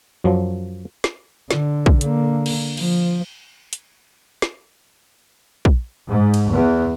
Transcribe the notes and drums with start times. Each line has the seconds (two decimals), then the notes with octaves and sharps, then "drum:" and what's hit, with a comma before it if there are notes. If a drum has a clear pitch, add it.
0.24 F#2 F3 F#3
1.04 drum: snare
1.51 D3, drum: snare
1.86 drum: kick
2.01 D3 A#3, drum: hi-hat
2.46 drum: cymbal
2.77 F3, drum: cymbal
3.73 drum: hi-hat
4.42 drum: snare
5.65 drum: kick
6.10 G#2
6.34 drum: cymbal
6.50 E2